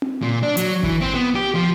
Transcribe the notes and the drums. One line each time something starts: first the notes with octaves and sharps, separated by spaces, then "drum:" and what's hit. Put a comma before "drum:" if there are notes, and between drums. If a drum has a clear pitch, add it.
drum: tom C4
A#2
D4
F#3, drum: hi-hat
E3, drum: kick G#1
C4
B3
G4
F3